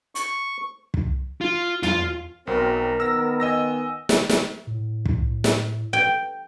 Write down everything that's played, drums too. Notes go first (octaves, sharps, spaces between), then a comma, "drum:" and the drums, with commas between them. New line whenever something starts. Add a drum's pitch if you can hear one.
C#6, drum: hi-hat
drum: kick
F4
F4, drum: tom
B1 F#3 C4 A#4
D#3 B3 E6 A#6
D#5 G#5 E6 A#6
drum: snare
drum: snare
A2
drum: kick
drum: snare
G5